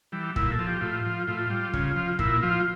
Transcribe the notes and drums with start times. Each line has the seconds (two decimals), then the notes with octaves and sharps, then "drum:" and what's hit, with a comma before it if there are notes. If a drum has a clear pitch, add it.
0.12 E3 G3
0.36 A#2 E4, drum: kick
0.52 A4
0.59 F3
0.67 G4
0.81 A2 F4
1.05 F3
1.27 A2 F4
1.50 G3
1.74 C#3, drum: kick
1.96 F3
2.19 A#2 E4, drum: kick
2.42 F3 F4